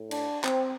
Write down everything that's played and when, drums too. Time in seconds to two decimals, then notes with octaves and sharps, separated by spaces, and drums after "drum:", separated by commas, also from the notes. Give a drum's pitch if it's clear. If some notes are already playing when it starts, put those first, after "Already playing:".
Already playing: A2
0.11 D4, drum: cymbal
0.44 C4, drum: clap